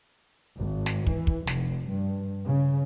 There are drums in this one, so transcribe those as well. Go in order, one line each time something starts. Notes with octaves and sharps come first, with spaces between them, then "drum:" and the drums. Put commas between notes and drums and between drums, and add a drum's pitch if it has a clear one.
G#1
drum: snare
E3, drum: kick
drum: kick
F1, drum: snare
G2
C#3